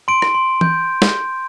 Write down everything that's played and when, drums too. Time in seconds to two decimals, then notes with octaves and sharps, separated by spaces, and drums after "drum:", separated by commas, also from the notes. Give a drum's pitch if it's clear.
0.08 C6 D7
0.22 drum: rim click
0.35 C6
0.61 G6, drum: tom
1.02 drum: snare